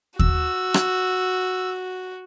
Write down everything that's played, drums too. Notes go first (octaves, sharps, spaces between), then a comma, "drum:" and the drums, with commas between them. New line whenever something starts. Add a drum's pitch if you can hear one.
F#4 E6, drum: kick D#2
drum: rim click